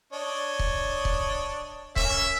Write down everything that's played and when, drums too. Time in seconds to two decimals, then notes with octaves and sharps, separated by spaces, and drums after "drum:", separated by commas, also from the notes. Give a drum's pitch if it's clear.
0.13 D4 C#5 D#5
0.59 drum: kick C#1
1.05 drum: kick C#1
1.96 A#3 C#4 E5, drum: kick C#1